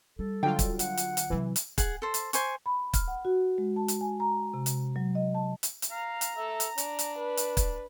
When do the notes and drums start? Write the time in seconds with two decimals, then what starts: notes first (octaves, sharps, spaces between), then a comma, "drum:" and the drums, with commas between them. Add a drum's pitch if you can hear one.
0.19 G3 A4
0.43 D3 F#3 F4 G5
0.59 drum: kick, hi-hat
0.79 F#5, drum: hi-hat
0.97 drum: hi-hat
1.17 drum: hi-hat
1.30 C3 E3 F#3
1.56 drum: hi-hat
1.78 G#4 F#5, drum: kick, hi-hat
2.02 A4 C5
2.14 drum: hi-hat
2.33 C5 G#5 C#6, drum: hi-hat
2.66 B5
2.93 F6, drum: kick, hi-hat
3.08 F#5
3.25 F#4
3.58 G#3
3.76 A5
3.88 drum: hi-hat
4.01 G#5
4.20 A#5
4.54 C3
4.66 drum: hi-hat
4.96 F#3
5.15 D#5
5.35 A5
5.63 drum: hi-hat
5.82 drum: hi-hat
5.91 F5 A#5
6.21 drum: hi-hat
6.37 A4 E5
6.60 drum: hi-hat
6.78 D4, drum: hi-hat
6.99 drum: hi-hat
7.18 B4
7.37 drum: hi-hat
7.57 drum: kick, hi-hat